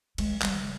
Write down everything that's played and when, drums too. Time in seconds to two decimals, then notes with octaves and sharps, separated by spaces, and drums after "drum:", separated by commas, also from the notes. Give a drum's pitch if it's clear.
0.18 G#3, drum: cymbal
0.42 G3, drum: clap
0.57 C#3